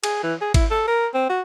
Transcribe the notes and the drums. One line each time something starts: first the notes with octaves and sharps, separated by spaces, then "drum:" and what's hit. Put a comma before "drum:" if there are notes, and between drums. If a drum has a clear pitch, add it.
G#4, drum: cymbal
E3
G#4
E4, drum: kick G#1, cymbal
A4
A#4
C4
F#4